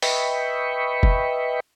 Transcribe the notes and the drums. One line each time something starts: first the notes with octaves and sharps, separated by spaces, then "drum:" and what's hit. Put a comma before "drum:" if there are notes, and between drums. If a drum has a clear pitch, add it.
B4 D#5 E5 G5 B5 C#6, drum: open hi-hat
drum: kick